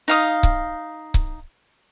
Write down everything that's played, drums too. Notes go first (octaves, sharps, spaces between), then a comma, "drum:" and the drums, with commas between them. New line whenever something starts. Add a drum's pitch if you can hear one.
D#4 F5 D#6
drum: kick C#1
drum: kick C#1